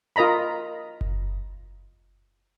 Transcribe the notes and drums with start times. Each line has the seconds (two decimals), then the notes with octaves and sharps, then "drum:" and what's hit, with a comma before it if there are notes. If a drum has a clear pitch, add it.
0.16 F4 A#4 D#5 A#5 B5
1.01 drum: kick F#1